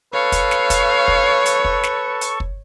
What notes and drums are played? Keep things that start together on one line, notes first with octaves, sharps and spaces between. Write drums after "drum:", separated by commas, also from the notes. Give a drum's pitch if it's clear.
A4 B4 C#5 F5 C#6
drum: kick, hi-hat
drum: snare
drum: kick, hi-hat
drum: kick
drum: hi-hat
drum: kick
drum: snare
drum: hi-hat
drum: kick